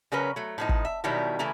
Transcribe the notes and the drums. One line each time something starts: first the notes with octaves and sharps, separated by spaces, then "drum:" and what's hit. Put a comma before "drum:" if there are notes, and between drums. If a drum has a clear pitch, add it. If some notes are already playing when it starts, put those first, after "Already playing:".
C#3 F#3 C#4 A#4 B4
F#3 A3
A2 F3 D#4
drum: kick
E5
B2 D#3 F#3 G3 E4 G4
C#3 E3 A3 E4 A#5